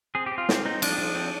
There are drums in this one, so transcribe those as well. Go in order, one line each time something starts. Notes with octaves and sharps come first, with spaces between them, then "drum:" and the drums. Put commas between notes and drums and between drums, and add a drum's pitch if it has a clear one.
C4 G#4
G4
C4
F4
C4, drum: snare
C4 D#4
F3 D4, drum: cymbal
F3
C4